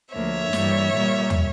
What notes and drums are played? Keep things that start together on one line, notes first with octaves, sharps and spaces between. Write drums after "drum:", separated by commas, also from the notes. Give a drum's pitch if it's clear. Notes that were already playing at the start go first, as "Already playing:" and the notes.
D2 D3 F3 A#3 C#5 E5
G2 E3 G3 A#3, drum: snare
A#2 G3 A#3
drum: tom